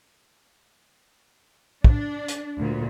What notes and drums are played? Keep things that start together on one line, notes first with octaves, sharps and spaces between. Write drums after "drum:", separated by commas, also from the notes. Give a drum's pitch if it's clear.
D4, drum: kick
drum: hi-hat
D2 A#2